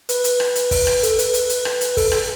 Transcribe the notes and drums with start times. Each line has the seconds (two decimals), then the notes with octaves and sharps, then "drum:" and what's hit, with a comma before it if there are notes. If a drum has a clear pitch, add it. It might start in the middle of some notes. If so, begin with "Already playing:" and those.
0.09 B4, drum: hi-hat
0.24 drum: hi-hat
0.40 drum: rim click
0.55 drum: hi-hat
0.71 drum: kick, open hi-hat
0.87 drum: rim click
1.03 A4, drum: hi-hat
1.19 B4, drum: hi-hat
1.34 drum: hi-hat
1.49 drum: hi-hat
1.65 drum: rim click
1.81 drum: hi-hat
1.97 A4, drum: kick, open hi-hat
2.12 A4, drum: rim click